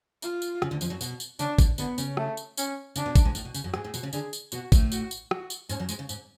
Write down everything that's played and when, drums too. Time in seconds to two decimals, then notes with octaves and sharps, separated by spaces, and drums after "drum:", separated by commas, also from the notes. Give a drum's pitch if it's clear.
0.22 F4, drum: tambourine
0.42 drum: tambourine
0.62 C#3, drum: rim click
0.71 D2 D3
0.81 F2 F3, drum: tambourine
0.90 F#2 F#3
1.01 B2 B3, drum: tambourine
1.20 drum: tambourine
1.39 C#3 C#4 D4, drum: tambourine
1.59 D3 D4, drum: kick G#1, tambourine
1.78 D3 B3 D4, drum: tambourine
1.98 C#3 C#4, drum: tambourine
2.17 A3, drum: rim click
2.37 drum: tambourine
2.57 C#4, drum: tambourine
2.96 C#3 C#4 D4, drum: tambourine
3.06 B2 B3
3.16 drum: kick G#1, tambourine
3.25 G#2 G#3
3.35 A2, drum: tambourine
3.45 B2
3.54 C#3, drum: tambourine
3.64 F#2 F#3
3.74 G#2 G#3 G#4, drum: rim click
3.84 A2 A3
3.94 B2 B3, drum: tambourine
4.03 C#3 C#4
4.13 D3 D4 G#4, drum: tambourine
4.33 drum: tambourine
4.52 B2 B3 F#4, drum: tambourine
4.72 A2 A3, drum: kick G#1, tambourine
4.92 F#4, drum: tambourine
5.11 drum: tambourine
5.31 F#4, drum: rim click
5.50 drum: tambourine
5.69 G#2 G#3 C#4, drum: tambourine
5.79 F#2 F#3
5.89 G#2 G#3, drum: tambourine
5.99 C#3
6.09 G#2, drum: tambourine